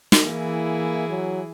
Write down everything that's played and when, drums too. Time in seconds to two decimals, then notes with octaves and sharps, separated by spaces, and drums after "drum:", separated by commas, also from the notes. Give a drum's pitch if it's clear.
0.12 drum: snare
0.25 E3 A#3 E4 G#4
1.10 F#3